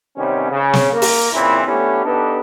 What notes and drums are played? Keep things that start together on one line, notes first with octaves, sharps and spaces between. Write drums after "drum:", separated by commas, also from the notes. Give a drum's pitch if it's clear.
C3 D#3 G3 B3 C#4
C#3
drum: snare
A#3 A#4
drum: open hi-hat
A#2 C#3 E3 C4 E4
A3 B3 C#4 D4 E4 G4
B3 D4 D#4 G4 A4 B4